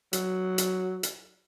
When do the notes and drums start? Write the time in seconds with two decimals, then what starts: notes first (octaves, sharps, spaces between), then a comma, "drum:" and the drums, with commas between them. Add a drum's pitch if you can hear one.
0.13 F#3, drum: hi-hat
0.58 drum: hi-hat
1.03 drum: hi-hat